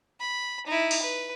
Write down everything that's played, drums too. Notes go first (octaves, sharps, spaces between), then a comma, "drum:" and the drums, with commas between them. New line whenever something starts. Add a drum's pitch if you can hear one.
B5
D#4 E4
drum: open hi-hat
B4